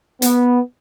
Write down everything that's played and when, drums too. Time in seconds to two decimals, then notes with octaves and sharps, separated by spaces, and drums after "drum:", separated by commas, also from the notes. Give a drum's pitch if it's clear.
0.22 B3, drum: hi-hat